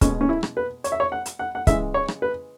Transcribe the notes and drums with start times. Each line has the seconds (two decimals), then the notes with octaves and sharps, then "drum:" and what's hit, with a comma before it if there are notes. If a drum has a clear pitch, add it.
0.01 B2 G#3 C#4, drum: kick, hi-hat
0.21 C#4
0.29 E4
0.43 drum: rim click
0.57 B4
0.84 C#5, drum: hi-hat
0.92 E5
1.00 C#5
1.12 F#5
1.26 drum: hi-hat
1.39 F#5
1.55 F#5
1.67 C#3 E3 G#3 E5, drum: kick, hi-hat
1.94 C#5
2.08 drum: rim click
2.22 B4